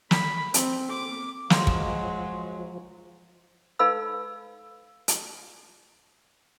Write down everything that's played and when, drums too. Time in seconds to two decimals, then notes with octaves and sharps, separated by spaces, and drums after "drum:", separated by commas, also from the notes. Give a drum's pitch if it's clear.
0.11 B5, drum: snare
0.54 C4, drum: hi-hat
0.90 D6
1.50 F3 F#3 G#3 F5 C6, drum: snare
1.67 drum: kick
3.79 D#4 A4 B4 F5 B5 E6
5.08 drum: hi-hat